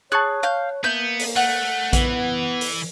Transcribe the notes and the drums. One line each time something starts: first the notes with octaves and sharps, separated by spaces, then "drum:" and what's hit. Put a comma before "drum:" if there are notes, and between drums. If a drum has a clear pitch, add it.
G#4 C#5 A5 C#6 F#6
F5 G6
A#3 B3 E5 G6
drum: open hi-hat
A3 F#5
E3 B3, drum: kick A#1, hi-hat
drum: open hi-hat